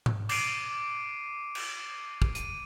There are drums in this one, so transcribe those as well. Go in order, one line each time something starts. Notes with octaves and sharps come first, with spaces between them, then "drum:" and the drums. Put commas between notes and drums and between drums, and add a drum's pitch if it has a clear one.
drum: tom G#2
D6 C7 D7 D#7, drum: cymbal
drum: cymbal
drum: kick
D#7, drum: hi-hat